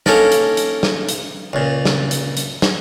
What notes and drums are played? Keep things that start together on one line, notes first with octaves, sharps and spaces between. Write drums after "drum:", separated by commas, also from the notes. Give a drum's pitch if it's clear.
A#3 C#4 D#4 A4 A#4, drum: snare
drum: hi-hat
drum: hi-hat
drum: snare
drum: hi-hat
C#2 A#2
drum: snare
drum: hi-hat
drum: hi-hat
drum: snare